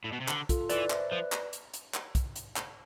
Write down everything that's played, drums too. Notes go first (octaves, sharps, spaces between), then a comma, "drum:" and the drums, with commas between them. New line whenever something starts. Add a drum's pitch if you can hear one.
A2
B2
C3
D3, drum: clap
F4 A4, drum: kick, hi-hat
E3 B4 D5, drum: hi-hat
C5 E5, drum: clap
F3 B4 D5
drum: clap
drum: hi-hat
drum: hi-hat
drum: clap
drum: kick, hi-hat
drum: hi-hat
drum: clap